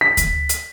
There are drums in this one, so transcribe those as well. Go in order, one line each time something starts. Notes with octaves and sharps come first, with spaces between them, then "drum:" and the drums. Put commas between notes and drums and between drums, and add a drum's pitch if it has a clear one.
B6
drum: kick D2, hi-hat
drum: hi-hat